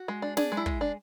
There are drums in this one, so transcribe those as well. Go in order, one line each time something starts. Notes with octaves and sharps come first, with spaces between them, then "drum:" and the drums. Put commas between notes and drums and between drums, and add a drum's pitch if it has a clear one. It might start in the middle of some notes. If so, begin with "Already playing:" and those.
Already playing: F#4
G#3
D4
D4 G#4, drum: snare
G#3
E4
G#3, drum: kick
D4